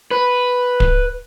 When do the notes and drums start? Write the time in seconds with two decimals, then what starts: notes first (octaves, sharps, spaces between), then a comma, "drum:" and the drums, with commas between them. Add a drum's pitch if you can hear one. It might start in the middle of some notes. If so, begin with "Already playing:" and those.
0.11 B4
0.80 drum: kick D1